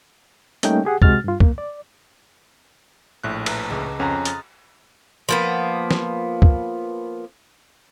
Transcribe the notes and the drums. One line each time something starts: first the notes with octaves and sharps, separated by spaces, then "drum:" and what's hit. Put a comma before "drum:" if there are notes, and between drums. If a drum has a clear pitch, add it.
G3 A3 A#3 C#4 D#4 G5, drum: hi-hat
G4 G#4 F#5
C3 G#3 F#4 F6 A6, drum: kick C2
G2 F4
A#3, drum: kick C2
D5
A#1 A2 F#6
B4 A5 A#5, drum: cymbal
C#2
F2 C#4 F#5 A#5 C6
D#6 F6 A6, drum: hi-hat
F3 A#3 B3
drum: snare
drum: kick C2